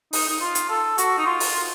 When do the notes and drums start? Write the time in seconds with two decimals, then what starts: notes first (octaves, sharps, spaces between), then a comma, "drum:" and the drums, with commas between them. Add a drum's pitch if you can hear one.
0.13 D#4, drum: open hi-hat
0.29 D#4
0.41 F4
0.55 drum: hi-hat
0.69 A4
0.98 F#4, drum: hi-hat
1.18 D#4
1.26 F4
1.40 drum: open hi-hat